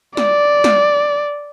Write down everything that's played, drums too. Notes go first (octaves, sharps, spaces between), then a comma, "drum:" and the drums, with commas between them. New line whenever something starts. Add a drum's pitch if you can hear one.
D5, drum: snare
drum: snare